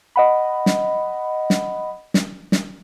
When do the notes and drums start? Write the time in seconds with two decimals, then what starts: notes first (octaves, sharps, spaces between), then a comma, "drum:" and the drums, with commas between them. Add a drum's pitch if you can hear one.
0.16 D#5 F#5 B5
0.66 drum: snare
1.50 drum: snare
2.14 drum: snare
2.52 drum: snare